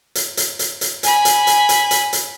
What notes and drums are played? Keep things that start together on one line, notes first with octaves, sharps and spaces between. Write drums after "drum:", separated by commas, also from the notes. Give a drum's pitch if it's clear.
drum: hi-hat
drum: hi-hat
drum: hi-hat
drum: hi-hat
G#5 B5, drum: hi-hat
drum: hi-hat
drum: hi-hat
drum: hi-hat
drum: hi-hat
drum: hi-hat